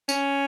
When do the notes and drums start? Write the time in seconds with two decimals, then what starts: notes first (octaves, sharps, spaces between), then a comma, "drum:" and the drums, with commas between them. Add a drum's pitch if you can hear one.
0.09 C#4, drum: tambourine